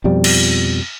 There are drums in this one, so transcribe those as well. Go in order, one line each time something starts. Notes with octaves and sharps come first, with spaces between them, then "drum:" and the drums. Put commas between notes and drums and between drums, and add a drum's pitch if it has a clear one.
F2 B2 F3 G3
drum: cymbal